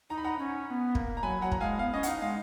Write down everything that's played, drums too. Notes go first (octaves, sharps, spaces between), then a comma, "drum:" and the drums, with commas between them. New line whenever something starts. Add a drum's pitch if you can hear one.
D#4 A#5
B5
F#5 A#5
C#4
C#4
B3
A#3, drum: kick
A#5
F#3 G#5 B5
F#3 F#5 A#5
A#5, drum: kick
G#3 F5 G#5
B3 F5
C#4 D#5
F#5, drum: hi-hat
D#4 F5
G#3 F5